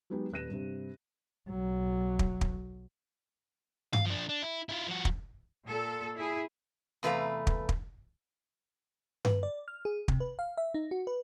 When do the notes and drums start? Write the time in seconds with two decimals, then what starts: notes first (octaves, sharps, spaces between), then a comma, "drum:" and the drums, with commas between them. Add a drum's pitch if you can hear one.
0.10 F#3 G#3 B3 D#4 G4
0.32 D#1 B4 F#6 A#6 D#7 E7
0.49 G2 C3
1.50 B1 F#3
2.19 drum: kick
2.41 drum: kick
3.93 F5, drum: tom G2
4.06 F3 D4
4.29 D4
4.42 E4
4.69 E4 F4
4.87 F3 F#4
5.05 drum: kick
5.66 A#2 A4
6.16 E4 G#4
7.03 E2 C3 A3 B4 F5 A#5
7.47 drum: kick
7.69 drum: kick
9.25 B4, drum: tom G2
9.43 D5
9.68 F6
9.85 G#4
10.08 C3, drum: kick
10.20 B4
10.39 F5
10.57 E5
10.74 D#4
10.91 F#4
11.07 B4